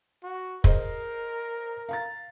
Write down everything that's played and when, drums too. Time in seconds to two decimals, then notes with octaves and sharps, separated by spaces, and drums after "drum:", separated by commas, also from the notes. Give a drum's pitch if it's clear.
0.23 F#4
0.64 G#4 A#4 C5 D#5, drum: kick
1.89 F5 A#5 A6